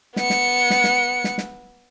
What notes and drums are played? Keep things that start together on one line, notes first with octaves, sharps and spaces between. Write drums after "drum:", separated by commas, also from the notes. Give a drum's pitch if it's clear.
B3 C#7, drum: snare
drum: snare
drum: snare
drum: snare
drum: snare
drum: snare